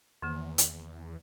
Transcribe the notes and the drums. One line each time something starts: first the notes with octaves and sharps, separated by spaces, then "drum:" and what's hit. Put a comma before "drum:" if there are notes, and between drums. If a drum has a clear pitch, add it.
E2 D#3 A#3
drum: hi-hat